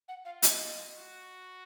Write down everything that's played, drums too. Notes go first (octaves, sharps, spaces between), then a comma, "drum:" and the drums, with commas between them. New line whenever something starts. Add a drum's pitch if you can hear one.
F#5
F4 F5
D#5, drum: hi-hat
F4
F#4